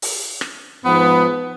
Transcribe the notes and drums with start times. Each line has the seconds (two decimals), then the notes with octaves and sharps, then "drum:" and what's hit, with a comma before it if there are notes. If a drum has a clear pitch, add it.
0.02 drum: open hi-hat
0.41 drum: rim click
0.84 G#2 F3 B3